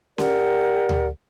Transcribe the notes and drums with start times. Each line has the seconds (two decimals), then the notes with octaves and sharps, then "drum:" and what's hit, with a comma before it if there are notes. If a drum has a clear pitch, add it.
0.18 G4 A#4 D5 F#5, drum: snare C#4
0.89 drum: tom D2